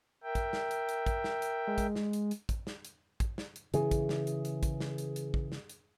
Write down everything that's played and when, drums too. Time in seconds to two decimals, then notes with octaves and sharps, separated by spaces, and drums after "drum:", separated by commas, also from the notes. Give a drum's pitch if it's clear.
0.23 A#4 E5 G5
0.35 drum: kick, hi-hat
0.53 drum: snare
0.71 drum: hi-hat
0.89 drum: hi-hat
1.06 drum: kick, hi-hat
1.24 drum: snare
1.42 drum: hi-hat
1.68 G#3
1.78 drum: kick, hi-hat
1.96 drum: snare
2.13 drum: hi-hat
2.31 drum: hi-hat
2.49 drum: kick, hi-hat
2.67 drum: snare
2.85 drum: hi-hat
3.20 drum: kick, hi-hat
3.38 drum: snare
3.56 drum: hi-hat
3.74 C#3 E3 G#4, drum: hi-hat
3.91 drum: kick, hi-hat
4.09 drum: snare
4.27 drum: hi-hat
4.45 drum: hi-hat
4.63 drum: kick, hi-hat
4.80 drum: snare
4.98 drum: hi-hat
5.16 drum: hi-hat
5.34 drum: kick
5.52 drum: snare
5.69 drum: hi-hat